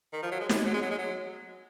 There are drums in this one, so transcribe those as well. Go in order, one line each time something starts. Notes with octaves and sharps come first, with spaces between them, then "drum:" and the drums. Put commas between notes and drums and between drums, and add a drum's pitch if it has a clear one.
D#3
F3
F#3
G#3
F#3, drum: snare
G#3
F#3
G#3
F#3
G#3
F#3